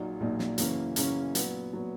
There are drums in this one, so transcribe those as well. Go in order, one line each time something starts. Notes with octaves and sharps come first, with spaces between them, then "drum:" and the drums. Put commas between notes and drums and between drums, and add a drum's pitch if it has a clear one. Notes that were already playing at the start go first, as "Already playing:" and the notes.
Already playing: A#1 A#2 F#3 A#3 D#4
A#1 A#2 F#3 A#3 D#4
drum: snare
F#2 C#3 E3 A#3 C#4, drum: hi-hat
F#2 C#3 E3 A#3 C#4, drum: hi-hat
A#2 F#3 B3, drum: hi-hat
A#2 F#3 B3